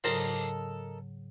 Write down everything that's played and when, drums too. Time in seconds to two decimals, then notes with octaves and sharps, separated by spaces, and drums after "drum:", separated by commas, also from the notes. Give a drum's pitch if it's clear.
0.04 G#2 C#3 F#3 D#4 A4 A#4, drum: open hi-hat